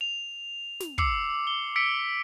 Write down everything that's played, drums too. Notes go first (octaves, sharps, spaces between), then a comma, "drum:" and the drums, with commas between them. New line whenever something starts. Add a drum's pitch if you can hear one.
F7
drum: snare
D6 E6 C7 C#7, drum: kick
G7
E6 B6 C#7 D7